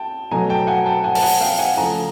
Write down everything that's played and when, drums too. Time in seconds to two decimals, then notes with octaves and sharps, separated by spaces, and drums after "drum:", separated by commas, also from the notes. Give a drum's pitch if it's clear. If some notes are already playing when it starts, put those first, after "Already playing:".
Already playing: G5 A5
0.31 B2 F#3 A3 G#5 A#5
0.49 G5 A5
0.67 F#5 G#5
0.86 G5 A5
1.04 F#5 G#5
1.15 A5, drum: open hi-hat
1.22 F#5 G#5
1.41 F5 G5
1.59 F#5 G#5
1.77 C#3 F3 A3 G#5 A#5